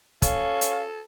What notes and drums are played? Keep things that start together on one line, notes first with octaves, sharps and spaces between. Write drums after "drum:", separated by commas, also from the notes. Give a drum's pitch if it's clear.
C#4 A4 F5, drum: kick, hi-hat
drum: hi-hat